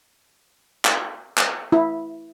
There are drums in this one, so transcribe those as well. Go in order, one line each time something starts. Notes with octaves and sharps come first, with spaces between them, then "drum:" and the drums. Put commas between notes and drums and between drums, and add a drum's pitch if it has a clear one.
drum: clap
drum: clap
E4